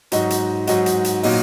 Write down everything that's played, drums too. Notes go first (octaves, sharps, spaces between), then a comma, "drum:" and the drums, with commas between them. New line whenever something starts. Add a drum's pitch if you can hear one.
G#2 F#3 D#4 F#4, drum: hi-hat
drum: hi-hat
G#2 F#3 D#4 F#4, drum: hi-hat
drum: hi-hat
drum: hi-hat
A#2 F#3 D#4, drum: open hi-hat